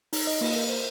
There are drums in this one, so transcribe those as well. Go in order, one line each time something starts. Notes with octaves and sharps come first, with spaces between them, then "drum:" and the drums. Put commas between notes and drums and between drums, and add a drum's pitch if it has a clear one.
D#4, drum: open hi-hat
D#5
A#3, drum: cymbal
A#4
C5